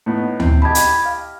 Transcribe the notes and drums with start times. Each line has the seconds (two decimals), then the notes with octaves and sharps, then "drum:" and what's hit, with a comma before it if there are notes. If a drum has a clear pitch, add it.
0.06 A2 B3 D#4
0.40 C4 E4, drum: tom D2
0.62 G4 D#5 A5 B5 G#6
0.75 drum: hi-hat
1.06 F5